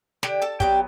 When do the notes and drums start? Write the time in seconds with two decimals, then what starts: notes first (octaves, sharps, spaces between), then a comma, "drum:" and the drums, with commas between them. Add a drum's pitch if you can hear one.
0.23 D3 G4 G5, drum: snare
0.42 A4 A5
0.60 F#3 B3 D4 G4 G5, drum: kick